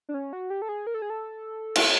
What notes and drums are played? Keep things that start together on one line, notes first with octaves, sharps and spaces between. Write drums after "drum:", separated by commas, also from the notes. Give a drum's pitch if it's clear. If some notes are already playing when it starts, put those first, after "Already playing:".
D4
C#4
F#4
G4
A4
G#4
A#4
A4
G#4
A4
drum: cymbal